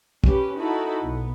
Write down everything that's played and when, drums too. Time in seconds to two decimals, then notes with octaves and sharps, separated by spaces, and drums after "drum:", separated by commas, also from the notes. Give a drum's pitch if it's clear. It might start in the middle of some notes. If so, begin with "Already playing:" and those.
0.24 C#4 G4 B4, drum: kick
0.58 D#4 E4 F#4 A4 B5
1.03 B1 B3